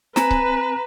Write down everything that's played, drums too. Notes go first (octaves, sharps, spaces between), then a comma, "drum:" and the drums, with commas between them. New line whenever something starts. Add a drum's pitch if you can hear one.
C4 B4 G#5 A#5, drum: snare
drum: kick C#1